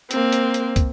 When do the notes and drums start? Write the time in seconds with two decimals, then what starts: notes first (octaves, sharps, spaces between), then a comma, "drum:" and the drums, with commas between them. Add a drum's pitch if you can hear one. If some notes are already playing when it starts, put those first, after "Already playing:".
0.11 A#3 C4, drum: hi-hat
0.32 drum: hi-hat
0.54 drum: hi-hat
0.76 drum: kick, hi-hat